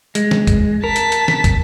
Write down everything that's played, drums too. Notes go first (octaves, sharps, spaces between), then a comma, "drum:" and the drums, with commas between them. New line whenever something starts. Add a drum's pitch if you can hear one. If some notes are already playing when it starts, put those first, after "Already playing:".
G#3, drum: hi-hat
drum: snare
drum: kick, hi-hat
A#4 A5 B6
drum: hi-hat
drum: hi-hat
drum: snare
drum: kick, hi-hat